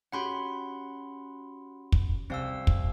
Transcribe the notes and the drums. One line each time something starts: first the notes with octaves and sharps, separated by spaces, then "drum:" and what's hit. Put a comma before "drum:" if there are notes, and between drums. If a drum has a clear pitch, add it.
C#4 F#4 G4 F#5 B5 C6
drum: kick
C2 C4 F5 E6
drum: kick